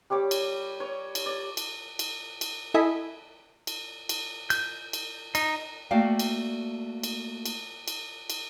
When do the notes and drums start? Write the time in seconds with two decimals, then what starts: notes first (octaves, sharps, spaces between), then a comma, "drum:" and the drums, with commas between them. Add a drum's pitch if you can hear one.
0.10 G3 G4 C#5 D6
0.31 drum: cymbal
0.80 C#5
1.15 drum: cymbal
1.26 D5
1.57 drum: cymbal
1.99 drum: cymbal
2.41 drum: cymbal
2.74 E4 A4 D#5 G#5 B5
3.67 drum: cymbal
4.09 drum: cymbal
4.50 G6, drum: cymbal
4.93 drum: cymbal
5.35 D#4, drum: cymbal
5.91 A3 A#3 F#4 D5 F5 G5
6.19 drum: cymbal
7.03 drum: cymbal
7.46 drum: cymbal
7.88 drum: cymbal
8.30 drum: cymbal